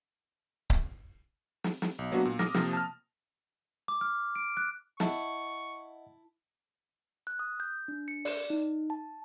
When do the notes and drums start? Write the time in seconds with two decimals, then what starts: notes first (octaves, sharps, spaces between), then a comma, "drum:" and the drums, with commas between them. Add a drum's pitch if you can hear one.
0.70 drum: kick C#1
1.64 drum: snare
1.82 drum: snare
1.99 B1
2.12 F#3 A#3 B3 D4 F#4
2.25 A#2
2.39 D6 D#6 F6 A#6, drum: snare
2.54 C3 F3 A#3, drum: snare
2.73 A5 F6
3.88 D6
4.01 F6
4.36 D7
4.57 F#6
5.00 E4 D#5 E5 F#5 A5 C#6, drum: snare
7.27 F#6
7.39 D#6
7.60 G6
7.88 D4
8.08 C#7
8.25 D5, drum: open hi-hat
8.50 D#4
8.90 A5